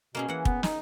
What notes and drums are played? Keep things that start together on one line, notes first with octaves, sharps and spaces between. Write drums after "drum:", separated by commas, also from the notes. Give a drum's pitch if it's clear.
B2 A#3 C#4 G#4
E3 A#3 F#5
B3, drum: kick
D#4, drum: snare